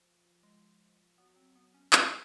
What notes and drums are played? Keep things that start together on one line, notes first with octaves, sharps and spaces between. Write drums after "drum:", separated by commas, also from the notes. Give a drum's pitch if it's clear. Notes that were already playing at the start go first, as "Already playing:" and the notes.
Already playing: F3
G#3
F#3 B3
C4
B3
C#4
D4, drum: clap